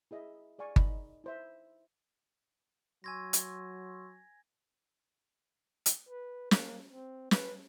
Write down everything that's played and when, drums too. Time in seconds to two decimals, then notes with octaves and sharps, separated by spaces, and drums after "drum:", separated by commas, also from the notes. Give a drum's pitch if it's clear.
0.11 E4 G#4 D#5 E5
0.59 G#4 D5 F5 G#5 C#6
0.76 D#4 D#5 B5, drum: kick G1
1.24 E4 C5 E5
3.04 F#3 G#5 C6 C#6 E6 G#6 A#6
3.33 drum: hi-hat
5.86 drum: hi-hat
6.09 B4
6.51 A#3, drum: snare
6.91 C4
7.31 B4, drum: snare